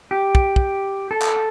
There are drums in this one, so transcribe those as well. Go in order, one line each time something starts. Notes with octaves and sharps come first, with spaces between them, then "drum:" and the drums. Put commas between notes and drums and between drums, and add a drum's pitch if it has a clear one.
G4
drum: kick
drum: kick
A4
drum: clap